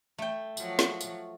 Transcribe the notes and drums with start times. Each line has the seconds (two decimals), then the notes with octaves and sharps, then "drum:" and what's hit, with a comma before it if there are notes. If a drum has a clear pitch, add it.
0.18 A3 G5
0.57 F3 F#3, drum: tambourine
0.79 drum: snare
1.01 drum: tambourine